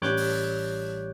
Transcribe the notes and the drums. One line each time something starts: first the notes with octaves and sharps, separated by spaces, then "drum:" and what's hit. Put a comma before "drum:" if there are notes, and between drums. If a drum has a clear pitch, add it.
A1 G3 C#5 D6 F#6 G6, drum: snare
drum: open hi-hat